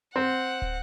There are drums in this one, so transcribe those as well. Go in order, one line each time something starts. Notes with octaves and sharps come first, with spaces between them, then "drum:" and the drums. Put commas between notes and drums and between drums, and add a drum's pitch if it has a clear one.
C4 F#5
drum: kick